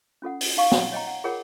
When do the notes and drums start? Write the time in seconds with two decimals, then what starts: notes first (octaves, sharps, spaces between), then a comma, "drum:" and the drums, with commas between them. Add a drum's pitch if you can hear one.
0.22 C#4 F4 A4 F#5
0.41 drum: open hi-hat
0.57 D#4 F5 C#6
0.72 F#5, drum: snare
0.92 C#5 D#5 G5 A#5
1.07 F#5
1.24 F4 G#4 A#4 C#5 F#5 G5